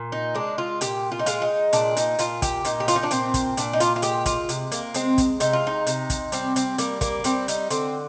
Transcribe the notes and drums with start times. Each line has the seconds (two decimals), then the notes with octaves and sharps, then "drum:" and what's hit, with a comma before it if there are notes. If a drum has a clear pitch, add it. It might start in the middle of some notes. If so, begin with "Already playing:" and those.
Already playing: A#2
0.12 D#4
0.35 G#3 D4
0.58 F4
0.81 A#2 G4, drum: hi-hat
1.12 F4
1.19 D#4
1.26 G#3 F4, drum: hi-hat
1.42 D#4
1.73 A#2 D4, drum: hi-hat
1.97 D#4, drum: hi-hat
2.19 A#2 F4, drum: hi-hat
2.42 G4, drum: kick, hi-hat
2.65 A#2 D#4, drum: hi-hat
2.80 G4
2.88 F4, drum: hi-hat
2.96 D#4
3.03 D4
3.11 A#2 C4, drum: hi-hat
3.34 drum: kick, hi-hat
3.57 A#2 D4, drum: hi-hat
3.73 D#4
3.80 F4, drum: hi-hat
3.96 F4
4.02 G#3 G4, drum: hi-hat
4.26 F4, drum: kick, hi-hat
4.49 C3, drum: hi-hat
4.72 A#3, drum: hi-hat
4.94 G#3 C4, drum: hi-hat
5.18 drum: kick, hi-hat
5.40 C3 D#4, drum: hi-hat
5.53 F4
5.67 D#4
5.87 C3, drum: hi-hat
6.10 drum: kick, hi-hat
6.32 G3 C4, drum: hi-hat
6.56 C4, drum: hi-hat
6.78 G3 A#3, drum: hi-hat
7.01 A#3, drum: kick, hi-hat
7.24 G3 C4, drum: hi-hat
7.48 D#4, drum: hi-hat
7.70 D3 C4, drum: hi-hat